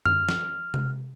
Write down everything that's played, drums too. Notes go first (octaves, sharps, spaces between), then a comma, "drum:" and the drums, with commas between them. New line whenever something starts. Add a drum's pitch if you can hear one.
F6, drum: tom F#2
drum: snare
drum: tom C3